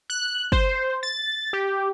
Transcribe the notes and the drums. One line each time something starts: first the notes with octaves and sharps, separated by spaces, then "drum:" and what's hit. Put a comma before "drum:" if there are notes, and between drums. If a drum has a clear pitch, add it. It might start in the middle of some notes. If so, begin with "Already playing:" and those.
F#6
C5, drum: kick
A6
G4